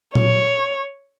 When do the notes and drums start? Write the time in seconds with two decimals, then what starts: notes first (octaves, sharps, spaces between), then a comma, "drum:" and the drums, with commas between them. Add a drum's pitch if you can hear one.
0.15 C#5, drum: tom A#2